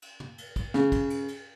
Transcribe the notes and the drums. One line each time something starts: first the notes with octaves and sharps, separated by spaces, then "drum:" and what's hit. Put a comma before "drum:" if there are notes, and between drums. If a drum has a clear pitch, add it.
drum: cymbal
drum: tom
drum: cymbal
drum: kick, cymbal
C#3, drum: snare
drum: kick, cymbal
drum: cymbal
drum: cymbal